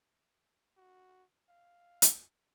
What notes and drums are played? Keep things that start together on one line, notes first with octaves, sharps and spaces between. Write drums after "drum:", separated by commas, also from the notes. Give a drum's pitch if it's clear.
F#4
F5
drum: hi-hat